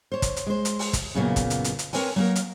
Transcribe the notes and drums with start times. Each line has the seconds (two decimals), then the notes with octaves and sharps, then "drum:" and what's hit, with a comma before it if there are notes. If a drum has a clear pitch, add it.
0.12 C5 C#5
0.22 drum: kick, hi-hat
0.36 drum: hi-hat
0.46 G#3 C5
0.65 drum: hi-hat
0.79 drum: open hi-hat
0.93 drum: kick, hi-hat
1.15 F#2 A#2 C#3 F#3 A#3 B3
1.36 drum: kick, hi-hat
1.50 drum: hi-hat
1.64 drum: hi-hat
1.79 drum: hi-hat
1.93 C4 A#4 B4 C#5 G#5, drum: open hi-hat
2.16 F#3 A#3 A#4
2.36 drum: hi-hat